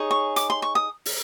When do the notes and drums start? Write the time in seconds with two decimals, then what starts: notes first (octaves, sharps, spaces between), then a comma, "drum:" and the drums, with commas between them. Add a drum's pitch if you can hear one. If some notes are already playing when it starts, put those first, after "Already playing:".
Already playing: D#4 G#4 C#5
0.11 C#6
0.36 D6, drum: hi-hat
0.50 C6
0.62 C#6
0.75 D#6
1.06 drum: open hi-hat